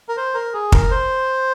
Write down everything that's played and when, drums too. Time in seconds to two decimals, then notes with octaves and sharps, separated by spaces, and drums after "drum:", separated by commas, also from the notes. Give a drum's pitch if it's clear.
0.09 A#4
0.17 C5
0.34 A#4
0.53 G#4
0.72 A#4, drum: kick
0.91 C5